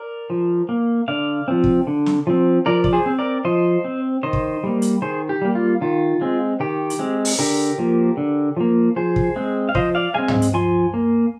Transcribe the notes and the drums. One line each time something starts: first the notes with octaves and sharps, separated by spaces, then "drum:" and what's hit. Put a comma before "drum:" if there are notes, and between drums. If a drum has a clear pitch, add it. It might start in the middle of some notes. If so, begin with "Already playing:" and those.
Already playing: A#4 D5
F3
A#3
D3 D5 F5
F3 C4
drum: kick
D3
drum: snare
F3 C4
F3 A#4 D5
D5, drum: kick
G#4 C5
C4
A#4 D5
F3 C5 D#5
C4
D#3 C5 D#5
drum: kick
G3 A#3
drum: hi-hat
D#3 G#4 C5
G4
G3 A#3
F4
D#3 F4
G#3 C4
D#3 G4
drum: hi-hat
G#3 C4
drum: open hi-hat
D3 G4 A#4
F3 A#3
D3
F3 A#3
F3 G#4 C5
drum: kick
G#3 C4
F5
F3 C5 D#5, drum: kick
D5 F5
G#3 C4 F5 G#5
drum: tom
drum: hi-hat
F3 G#5 C6
A#3